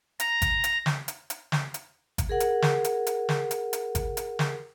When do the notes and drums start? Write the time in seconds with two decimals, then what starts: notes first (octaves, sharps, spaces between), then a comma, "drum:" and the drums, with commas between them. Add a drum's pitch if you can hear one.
0.20 A#5, drum: hi-hat
0.42 drum: kick G#1, hi-hat
0.64 drum: hi-hat
0.86 drum: snare
1.08 drum: hi-hat
1.30 drum: hi-hat
1.52 drum: snare
1.74 drum: hi-hat
2.18 drum: kick G#1, hi-hat
2.29 G#4 A#4 F#5
2.40 drum: hi-hat
2.62 drum: snare
2.84 drum: hi-hat
3.07 drum: hi-hat
3.29 drum: snare
3.51 drum: hi-hat
3.73 drum: hi-hat
3.95 drum: kick G#1, hi-hat
4.17 drum: hi-hat
4.39 drum: snare